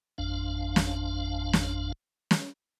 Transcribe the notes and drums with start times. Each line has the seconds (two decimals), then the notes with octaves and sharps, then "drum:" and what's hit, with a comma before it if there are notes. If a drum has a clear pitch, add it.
0.18 G#1 F2 D4 F5
0.76 drum: snare
1.53 drum: snare
2.31 drum: snare